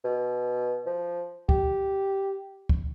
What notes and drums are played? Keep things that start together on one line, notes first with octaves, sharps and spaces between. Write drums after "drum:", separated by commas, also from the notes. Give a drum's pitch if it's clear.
B2
F3
G4, drum: kick C#2
drum: kick C#2